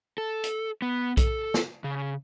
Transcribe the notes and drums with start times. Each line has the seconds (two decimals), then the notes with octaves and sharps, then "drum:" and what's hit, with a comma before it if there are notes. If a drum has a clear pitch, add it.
0.18 A4
0.44 drum: hi-hat
0.82 B3
1.17 A4, drum: kick B1, hi-hat
1.54 drum: snare
1.84 C#3